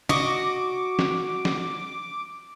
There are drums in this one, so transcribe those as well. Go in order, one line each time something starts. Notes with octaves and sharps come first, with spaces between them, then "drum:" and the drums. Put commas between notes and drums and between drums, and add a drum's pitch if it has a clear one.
F#4 D#5 D6, drum: tom
drum: snare
drum: snare